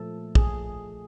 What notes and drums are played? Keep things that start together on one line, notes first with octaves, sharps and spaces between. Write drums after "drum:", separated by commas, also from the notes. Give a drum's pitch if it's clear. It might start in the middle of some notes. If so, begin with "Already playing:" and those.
Already playing: A#2 F3 A3 A4
G#4, drum: kick